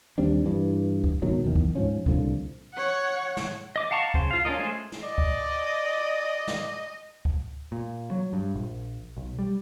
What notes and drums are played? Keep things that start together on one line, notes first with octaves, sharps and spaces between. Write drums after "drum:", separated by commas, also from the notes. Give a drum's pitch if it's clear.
D#2 G3 C4 D4
G2 E3
drum: kick C#2
G#2 B2 D#3 F#3
F#1 E2 D#3
drum: kick C#2
G#2 F3 C#4
C2 A#2 D3 F3, drum: kick C#2
C#5 F#5
drum: snare
D#5 D6
F5 F#5 A5 A#5 C#6
C#3 C5, drum: kick C#2
F4 F5
C#4 D4 F4 A#4 D#5
G#3 A3 G#4 C5
drum: snare
D5 D#5
drum: kick C#2
drum: snare
drum: kick C#2
A#2
F#3
G2
A#1
B1
G3